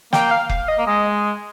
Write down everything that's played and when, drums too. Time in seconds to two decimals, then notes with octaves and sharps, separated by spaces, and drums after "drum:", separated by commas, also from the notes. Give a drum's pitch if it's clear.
0.13 A#3 G5, drum: snare
0.31 F5
0.49 F5, drum: kick F1
0.68 D#5
0.78 A#3
0.87 G#3 D#5